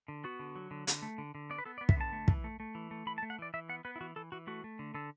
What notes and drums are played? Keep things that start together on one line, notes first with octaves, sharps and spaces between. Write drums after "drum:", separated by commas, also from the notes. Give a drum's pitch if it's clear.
D3
B3 F#4
D3
F#3
D3
D3, drum: hi-hat
A3
D3
D3
B3 D5
B4
B3 A4
D5
B3
E5, drum: kick
D3 A5
A3
E3, drum: kick
A3
A3
E3
A3
E3 B5
A5
A3
F#5
E3 D5
E3 E5
B3 F#5
B3 B4
E4
E3 F#4
E3 A4
E3 F#4
A3 F#4
A3
D3
D3 A4